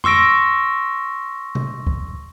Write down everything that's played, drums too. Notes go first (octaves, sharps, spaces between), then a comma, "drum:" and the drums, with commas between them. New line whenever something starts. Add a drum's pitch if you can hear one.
C6 C#6 E6 A#6 D7, drum: tom F2
drum: tom B2
drum: kick C#2